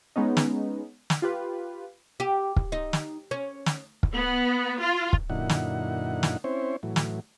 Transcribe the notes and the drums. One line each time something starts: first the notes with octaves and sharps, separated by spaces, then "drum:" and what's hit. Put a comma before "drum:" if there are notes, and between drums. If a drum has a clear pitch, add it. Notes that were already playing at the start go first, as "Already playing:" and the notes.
G#3 B3 C#4 D#4
drum: snare
drum: snare
F4 G4 B4
G4
drum: kick
D#4
drum: snare
C#4
drum: snare
drum: kick
B3
F4
drum: kick
F#2 A#2 D3 D#4 E4 F#5
drum: snare
drum: snare
C4 C#4 E4 C5 C#5
A2 E3 F#3
drum: snare